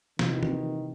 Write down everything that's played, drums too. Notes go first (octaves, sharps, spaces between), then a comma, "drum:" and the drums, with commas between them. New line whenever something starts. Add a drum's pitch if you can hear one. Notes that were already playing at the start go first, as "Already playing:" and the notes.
C3 D#3 E3 A#3, drum: snare
drum: tom